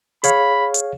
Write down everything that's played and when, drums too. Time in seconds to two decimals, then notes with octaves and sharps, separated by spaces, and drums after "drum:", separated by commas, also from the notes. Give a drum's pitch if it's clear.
0.24 G#4 C#5 F5 B5, drum: hi-hat
0.74 drum: hi-hat